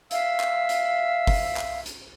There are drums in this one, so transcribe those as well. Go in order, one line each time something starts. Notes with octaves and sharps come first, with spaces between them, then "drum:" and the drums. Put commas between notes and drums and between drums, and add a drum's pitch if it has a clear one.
E5 F5 E6, drum: hi-hat
drum: clap
drum: hi-hat
drum: kick F#1, open hi-hat
drum: clap
drum: hi-hat